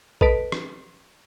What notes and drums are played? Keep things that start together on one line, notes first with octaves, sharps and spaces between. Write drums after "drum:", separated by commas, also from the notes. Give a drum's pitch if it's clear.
A4 B4 D#5 A5 B6 D7, drum: kick
drum: rim click